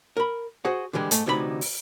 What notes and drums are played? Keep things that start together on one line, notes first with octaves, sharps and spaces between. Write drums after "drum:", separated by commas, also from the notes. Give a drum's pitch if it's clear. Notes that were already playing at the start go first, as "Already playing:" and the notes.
A#4 B5
F#4 G#4 C5 F#5
D3 E3 G3 G#3
G#2 A3, drum: hi-hat
D2 C3 E3 D#4 B4 B5
drum: open hi-hat